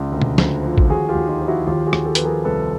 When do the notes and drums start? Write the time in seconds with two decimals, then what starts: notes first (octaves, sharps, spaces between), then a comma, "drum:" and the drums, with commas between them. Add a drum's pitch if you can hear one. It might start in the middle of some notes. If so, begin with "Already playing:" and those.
Already playing: C#2
0.12 D2
0.22 drum: tom B2
0.38 D2, drum: snare
0.63 F3
0.78 drum: kick A1
0.89 D#2 F#4 G#4
1.09 F4 G4
1.15 D#2
1.28 D#4 F4
1.41 F3
1.47 E4 F#4
1.67 D#2 F4 G4
1.87 F#4 G#4
1.93 D#2, drum: rim click
2.05 G4 A4
2.15 F3 B4, drum: hi-hat
2.25 G#4 A#4
2.44 C2 A4 B4